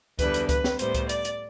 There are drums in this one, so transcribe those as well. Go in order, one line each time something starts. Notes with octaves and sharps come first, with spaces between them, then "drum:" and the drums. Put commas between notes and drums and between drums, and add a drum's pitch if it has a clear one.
E2 D3 G3 B3 B4, drum: kick C#2, hi-hat
drum: hi-hat
B4, drum: kick C#2, hi-hat
drum: snare
A2 G3 B3 C5, drum: hi-hat
drum: kick C#2, hi-hat
D5, drum: hi-hat
drum: hi-hat